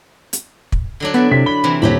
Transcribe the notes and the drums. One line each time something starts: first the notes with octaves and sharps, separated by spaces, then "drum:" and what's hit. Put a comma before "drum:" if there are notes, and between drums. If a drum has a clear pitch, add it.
drum: hi-hat
drum: kick
D3 F#3 D4
B3 D5 E5
C3 B6
B5 G7
C3 E3 C4
D#1 F#3 G4 C#5 B5 B6